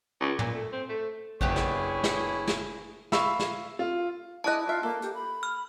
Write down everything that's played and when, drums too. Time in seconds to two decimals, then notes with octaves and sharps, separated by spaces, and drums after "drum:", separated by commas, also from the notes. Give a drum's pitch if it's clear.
0.21 C#2
0.39 A#2, drum: tom
0.55 A3
0.73 C4
0.89 A3
1.41 F#1 B3 D4 E4 G4 G#4 C#5, drum: kick A1
1.56 drum: snare
2.04 drum: snare
2.47 drum: snare
3.12 E5 F5 B5 C#6 E6, drum: snare
3.39 drum: snare
3.79 F4
4.44 E4 G#4 D5 D#5 A5 F#6
4.67 D4 F4 E5
4.83 A#3 A4
5.02 G4, drum: hi-hat
5.14 B5
5.43 F6